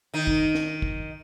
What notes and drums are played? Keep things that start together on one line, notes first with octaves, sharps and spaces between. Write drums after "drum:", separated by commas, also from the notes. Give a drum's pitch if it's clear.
D#3 D#4
drum: kick
drum: snare
drum: kick